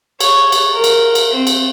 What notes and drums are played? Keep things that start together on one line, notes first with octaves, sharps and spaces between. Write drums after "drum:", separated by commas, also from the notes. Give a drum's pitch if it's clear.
C#5, drum: cymbal
drum: cymbal
A#4
drum: cymbal
drum: cymbal
C4
drum: cymbal